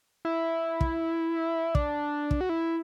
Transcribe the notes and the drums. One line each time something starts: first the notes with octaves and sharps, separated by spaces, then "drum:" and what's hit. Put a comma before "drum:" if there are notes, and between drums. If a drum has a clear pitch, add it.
E4
drum: kick
D4, drum: kick
drum: kick
F#4
E4